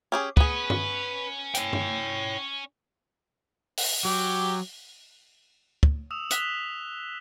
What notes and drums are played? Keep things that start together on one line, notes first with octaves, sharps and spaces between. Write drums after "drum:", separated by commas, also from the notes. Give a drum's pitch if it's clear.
C#4 G4 G#4
B3 C#4 G#4 B4, drum: kick
drum: tom G2
C#5 G5, drum: hi-hat
drum: tom G2
drum: open hi-hat
F#3 G5 D6
drum: kick
D#6 E6 E7 F7
D#6 F#6 B6 E7 F7 G7, drum: hi-hat